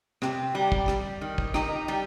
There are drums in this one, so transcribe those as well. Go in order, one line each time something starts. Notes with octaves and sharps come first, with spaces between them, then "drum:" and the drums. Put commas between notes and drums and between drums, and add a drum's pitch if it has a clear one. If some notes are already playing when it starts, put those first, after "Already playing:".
C3 G4, drum: rim click
G3
drum: kick
G3, drum: rim click
D#3
drum: kick
D#4 G4, drum: rim click
G3